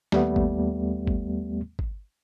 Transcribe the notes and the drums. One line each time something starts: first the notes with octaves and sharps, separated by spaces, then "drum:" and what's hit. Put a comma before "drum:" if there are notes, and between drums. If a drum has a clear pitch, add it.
D#2 G3 A3 B3, drum: snare
drum: kick
drum: kick
drum: kick